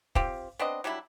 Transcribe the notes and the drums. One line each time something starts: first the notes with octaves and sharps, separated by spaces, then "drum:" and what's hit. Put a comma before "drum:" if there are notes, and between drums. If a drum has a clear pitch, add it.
C4 F4 G4, drum: kick
B3 C4 D4 D#5
F#3 G3 D4 E4